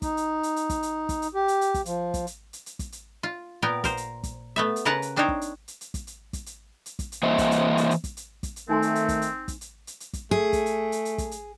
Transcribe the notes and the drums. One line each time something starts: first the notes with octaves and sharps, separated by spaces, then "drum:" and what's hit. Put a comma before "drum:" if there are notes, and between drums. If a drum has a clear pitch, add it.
D#4, drum: kick, hi-hat
drum: hi-hat
drum: hi-hat
drum: hi-hat
drum: kick, hi-hat
drum: hi-hat
drum: kick, hi-hat
drum: hi-hat
G4
drum: hi-hat
drum: hi-hat
drum: kick, hi-hat
F3, drum: hi-hat
drum: kick, hi-hat
drum: hi-hat
drum: hi-hat
drum: hi-hat
drum: kick, hi-hat
drum: hi-hat
F4
A#2 B3 A#4 G5
A#4 C5, drum: kick, hi-hat
drum: hi-hat
drum: kick, hi-hat
A3 B3 E5
drum: hi-hat
C#3 A#4 B4 F#5 A5 A#5
drum: hi-hat
C4 D4 D#4 C5 C#5
drum: kick
drum: hi-hat
drum: hi-hat
drum: hi-hat
drum: kick, hi-hat
drum: hi-hat
drum: kick, hi-hat
drum: hi-hat
drum: hi-hat
drum: kick, hi-hat
drum: hi-hat
E3 A#3 C5 D#5 E5
drum: kick, hi-hat
drum: hi-hat
drum: hi-hat
drum: hi-hat
drum: kick, hi-hat
drum: hi-hat
drum: kick, hi-hat
drum: hi-hat
D#3 A3 C4 D#4 G#5 C6
drum: hi-hat
drum: hi-hat
drum: kick, hi-hat
drum: hi-hat
drum: kick, hi-hat
drum: hi-hat
drum: hi-hat
drum: hi-hat
drum: kick, hi-hat
A3 G#4
drum: kick, hi-hat
drum: hi-hat
drum: hi-hat
drum: hi-hat
drum: kick, hi-hat
drum: hi-hat